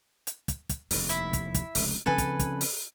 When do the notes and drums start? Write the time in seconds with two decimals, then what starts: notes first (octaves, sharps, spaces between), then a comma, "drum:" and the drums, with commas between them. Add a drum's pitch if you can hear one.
0.27 drum: hi-hat
0.48 drum: kick, hi-hat
0.70 drum: kick, hi-hat
0.91 F1 D#2, drum: open hi-hat
1.09 E4 E5, drum: hi-hat
1.33 drum: kick, hi-hat
1.55 drum: kick, hi-hat
1.75 F1 C#2, drum: open hi-hat
2.06 C#3 F3 C4 A4 B4 G#5
2.18 drum: kick, hi-hat
2.40 drum: kick, hi-hat
2.61 drum: open hi-hat